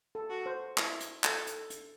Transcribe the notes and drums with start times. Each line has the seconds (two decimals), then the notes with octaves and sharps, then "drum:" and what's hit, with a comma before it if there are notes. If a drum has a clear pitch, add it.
0.15 A4
0.30 F#4
0.46 C5
0.78 E4, drum: clap
1.00 drum: hi-hat
1.24 A4, drum: clap
1.47 drum: hi-hat
1.70 drum: hi-hat